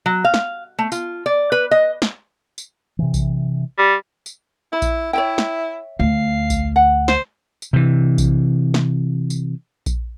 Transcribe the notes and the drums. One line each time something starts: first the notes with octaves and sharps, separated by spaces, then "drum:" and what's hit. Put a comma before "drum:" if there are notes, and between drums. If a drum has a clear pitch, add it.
F#3
F5
drum: snare
A3
F4, drum: tambourine
D5
B4
D#5
drum: snare
drum: tambourine
C3 E3
drum: kick A#1, tambourine
G3
drum: tambourine
E4 B5
drum: kick A#1, tambourine
E4 C#5 E5 G5
drum: snare
D2 F5
drum: kick A#1, tambourine
F#5
C5, drum: snare
drum: tambourine
C3 E3
drum: kick A#1, tambourine
drum: snare
drum: tambourine
drum: kick A#1, tambourine